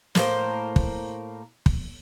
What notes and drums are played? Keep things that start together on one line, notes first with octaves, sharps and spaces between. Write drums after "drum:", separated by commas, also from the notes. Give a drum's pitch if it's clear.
A2 A#3 C5, drum: snare
drum: kick
drum: kick